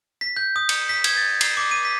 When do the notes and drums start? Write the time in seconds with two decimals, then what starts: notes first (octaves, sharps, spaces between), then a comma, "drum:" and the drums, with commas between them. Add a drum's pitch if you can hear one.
0.21 B6
0.36 G6
0.56 D#6
0.69 C#7, drum: cymbal
0.89 B6
1.04 G#6, drum: cymbal
1.17 A6
1.41 C7, drum: cymbal
1.57 D6
1.71 D#7
1.85 B6